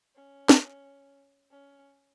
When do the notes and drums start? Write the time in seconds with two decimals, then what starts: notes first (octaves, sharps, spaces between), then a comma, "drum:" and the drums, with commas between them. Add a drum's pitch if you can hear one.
0.15 C#4
0.49 drum: snare
1.51 C#4